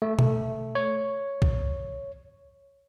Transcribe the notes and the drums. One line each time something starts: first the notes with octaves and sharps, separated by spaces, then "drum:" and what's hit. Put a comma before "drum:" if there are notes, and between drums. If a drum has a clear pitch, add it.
A3
A3, drum: tom B2
C#5
drum: kick B1